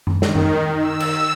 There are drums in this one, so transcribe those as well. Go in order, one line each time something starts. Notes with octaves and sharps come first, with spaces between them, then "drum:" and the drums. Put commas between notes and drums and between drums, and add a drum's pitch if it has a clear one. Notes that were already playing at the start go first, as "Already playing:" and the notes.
drum: tom F#2
D#3, drum: snare
drum: tom F#2
E6
drum: cymbal